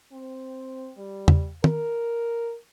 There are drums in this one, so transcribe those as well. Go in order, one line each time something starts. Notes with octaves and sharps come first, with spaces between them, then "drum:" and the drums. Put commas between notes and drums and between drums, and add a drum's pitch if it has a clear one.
C4
G3
drum: tom E2
A#4, drum: tom